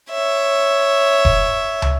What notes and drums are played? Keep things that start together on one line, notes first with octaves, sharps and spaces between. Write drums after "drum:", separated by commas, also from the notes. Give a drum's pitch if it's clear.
C#5 E5
drum: kick E1
drum: tom